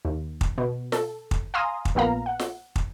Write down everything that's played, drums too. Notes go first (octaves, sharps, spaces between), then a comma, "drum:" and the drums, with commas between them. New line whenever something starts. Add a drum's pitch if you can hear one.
D#2
drum: kick
B2
A4, drum: snare
drum: kick
F5 G#5 A#5 C6 D#6
drum: kick
A#1 A#2 B3 F5 A#5
F#5
drum: snare
drum: kick